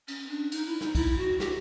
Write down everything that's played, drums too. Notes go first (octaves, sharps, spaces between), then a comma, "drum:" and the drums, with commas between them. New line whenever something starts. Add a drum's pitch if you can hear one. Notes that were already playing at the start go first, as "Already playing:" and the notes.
C#4, drum: cymbal
D4
D#4, drum: cymbal
E4
D#4, drum: snare
E4, drum: kick, cymbal
F#4
G4, drum: snare